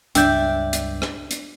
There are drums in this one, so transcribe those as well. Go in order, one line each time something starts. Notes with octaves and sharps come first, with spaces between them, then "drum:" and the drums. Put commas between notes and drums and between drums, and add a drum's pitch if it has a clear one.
C#2 G2 D4 D5 E5 G5 G6, drum: hi-hat
drum: hi-hat
drum: rim click
drum: hi-hat